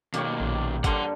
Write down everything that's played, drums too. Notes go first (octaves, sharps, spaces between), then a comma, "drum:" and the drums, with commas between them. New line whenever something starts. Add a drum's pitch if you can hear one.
B2 D#3 A#3 G4 C#5, drum: hi-hat
A#1
G2 D3 G3 F#5 C6, drum: kick G#1, hi-hat